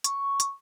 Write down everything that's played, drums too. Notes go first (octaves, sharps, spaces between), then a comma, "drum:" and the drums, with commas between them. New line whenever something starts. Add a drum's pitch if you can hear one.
C#6, drum: hi-hat
drum: hi-hat